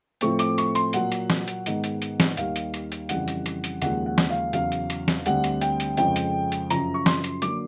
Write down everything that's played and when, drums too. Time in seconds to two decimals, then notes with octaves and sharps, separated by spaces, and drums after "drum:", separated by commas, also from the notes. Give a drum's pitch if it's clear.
0.21 A2 F3 A3 C4 C#6, drum: hi-hat
0.39 D6, drum: hi-hat
0.58 C#6, drum: hi-hat
0.75 C6, drum: hi-hat
0.93 A#2 F#3 A#3 F#5, drum: hi-hat
1.12 drum: hi-hat
1.30 drum: snare
1.48 drum: hi-hat
1.66 G#2 D#3 G#3 B3, drum: hi-hat
1.84 drum: hi-hat
2.02 drum: hi-hat
2.20 drum: snare
2.37 D#2 D#3 G3 F5, drum: hi-hat
2.56 drum: hi-hat
2.74 drum: hi-hat
2.92 drum: hi-hat
3.09 F2 C#3 E3 G3 F#5, drum: hi-hat
3.28 drum: hi-hat
3.46 drum: hi-hat
3.64 drum: hi-hat
3.82 D#2 C#3 F3 G#3 F#5, drum: hi-hat
4.06 F#5
4.18 drum: snare
4.30 F5
4.53 E2 C#3 F#3 F5, drum: hi-hat
4.72 drum: hi-hat
4.90 drum: hi-hat
5.08 drum: snare
5.26 D2 D3 G3 C4 F#5, drum: hi-hat
5.44 drum: hi-hat
5.61 G5, drum: hi-hat
5.80 drum: hi-hat
5.97 F2 C#3 F3 G#3 C4 G5, drum: hi-hat
6.16 drum: hi-hat
6.52 drum: hi-hat
6.70 F#2 C#3 F3 A#5, drum: hi-hat
6.94 C#6
7.06 C6, drum: snare
7.24 drum: hi-hat
7.42 D3 F#3 A#3 D6, drum: hi-hat